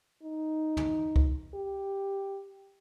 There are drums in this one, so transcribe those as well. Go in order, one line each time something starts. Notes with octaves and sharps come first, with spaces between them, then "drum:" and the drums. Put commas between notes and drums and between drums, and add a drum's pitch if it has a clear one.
D#4
drum: tom E2
drum: kick C2
G4